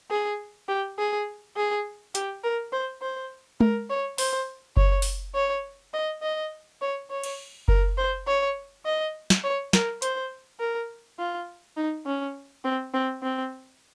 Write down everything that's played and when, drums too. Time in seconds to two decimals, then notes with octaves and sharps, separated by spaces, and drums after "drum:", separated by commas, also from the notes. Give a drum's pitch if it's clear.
0.11 G#4
0.69 G4
0.98 G#4
1.57 G#4
2.15 G4, drum: hi-hat
2.44 A#4
2.72 C5
3.02 C5
3.60 A#4, drum: tom G#3
3.90 C#5
4.18 C5, drum: open hi-hat
4.77 C#5, drum: kick F#1
5.02 drum: open hi-hat
5.35 C#5
5.94 D#5
6.22 D#5
6.82 C#5
7.11 C#5
7.24 drum: cymbal
7.68 A#4, drum: kick F#1
7.98 C5
8.27 C#5
8.85 D#5
9.30 drum: snare
9.44 C#5
9.73 A#4, drum: snare
10.02 C5, drum: hi-hat
10.60 A#4
11.19 F4
11.77 D#4
12.06 C#4
12.65 C4
12.94 C4
13.23 C4